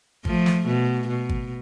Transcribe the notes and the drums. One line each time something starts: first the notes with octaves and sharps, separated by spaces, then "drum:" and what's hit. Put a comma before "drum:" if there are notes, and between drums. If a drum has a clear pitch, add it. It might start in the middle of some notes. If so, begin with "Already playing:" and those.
F3 A3, drum: kick G#1
drum: snare
B2
B2
drum: kick G#1